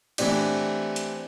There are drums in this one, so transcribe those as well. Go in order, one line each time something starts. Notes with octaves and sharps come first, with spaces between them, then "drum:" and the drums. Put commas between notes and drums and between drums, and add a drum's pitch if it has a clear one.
E3 A3 C4 D4 G4, drum: cymbal
drum: hi-hat